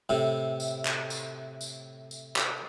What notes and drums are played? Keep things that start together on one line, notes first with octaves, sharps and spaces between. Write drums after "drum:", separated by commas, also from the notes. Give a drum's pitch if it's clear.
A2 C3
drum: tambourine
drum: clap
drum: tambourine
drum: tambourine
drum: tambourine
drum: clap